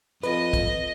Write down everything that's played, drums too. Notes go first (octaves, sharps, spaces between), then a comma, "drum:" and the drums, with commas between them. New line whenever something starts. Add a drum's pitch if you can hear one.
F2 B4 D#5, drum: hi-hat
drum: kick, hi-hat